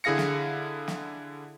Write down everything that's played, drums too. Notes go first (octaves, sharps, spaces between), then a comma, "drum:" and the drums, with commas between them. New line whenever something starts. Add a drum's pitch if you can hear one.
D3 E4 G#4 F5 A#6 C#7
drum: snare
drum: snare